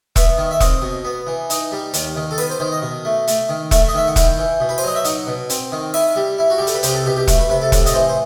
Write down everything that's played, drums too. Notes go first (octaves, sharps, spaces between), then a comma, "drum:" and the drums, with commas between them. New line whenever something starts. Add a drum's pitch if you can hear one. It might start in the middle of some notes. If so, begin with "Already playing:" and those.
B3 E5, drum: kick E1, hi-hat
D#3
E5
C4 D#5, drum: kick E1, hi-hat
B2
B3
E3
D#4, drum: hi-hat
G3
D#2, drum: hi-hat
D#3
A4
B3 B4, drum: open hi-hat
C5
D#3 C5
D#5
B2
A3
A3, drum: hi-hat
D#3
A3 E5, drum: kick E1, hi-hat
D#5
D#3 E5
F#5
E4 G5, drum: kick E1, hi-hat
E3
B2
B4
C5, drum: open hi-hat
F#3 D#5
E5
D#4 F#5, drum: hi-hat
B2
C4, drum: hi-hat
D#3
E4 E5, drum: open hi-hat
G3
E4
F#4
G3 G4
A4, drum: hi-hat
B4
C2 C5, drum: hi-hat
G4
A4
B2 G4
G4
A3, drum: kick E1, hi-hat
B4
C3 B4
A4
A2 A4, drum: kick E1, hi-hat
D#5, drum: hi-hat
E3 C5
C5